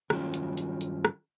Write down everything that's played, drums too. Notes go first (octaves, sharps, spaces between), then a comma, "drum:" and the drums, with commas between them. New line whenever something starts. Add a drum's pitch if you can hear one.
G2 D#3 F#3 C#4 F4, drum: rim click
drum: hi-hat
drum: hi-hat
drum: hi-hat
drum: rim click